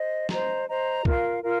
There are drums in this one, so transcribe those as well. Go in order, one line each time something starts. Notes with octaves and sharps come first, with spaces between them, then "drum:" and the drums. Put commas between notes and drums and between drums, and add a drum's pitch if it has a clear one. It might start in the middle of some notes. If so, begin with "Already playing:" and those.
Already playing: C5 D#5
C5 D#5 A#5, drum: snare
C5 D#5 A#5
F4 A#4 F5, drum: kick
F4 A#4 F5